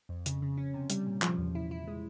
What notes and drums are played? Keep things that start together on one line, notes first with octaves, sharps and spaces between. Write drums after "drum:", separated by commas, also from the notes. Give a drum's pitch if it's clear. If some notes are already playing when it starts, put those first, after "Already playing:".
F2
C#3, drum: hi-hat
C#3
C#4
C3
G3, drum: hi-hat
A#2
F3, drum: clap
E2
E4
E4
G#3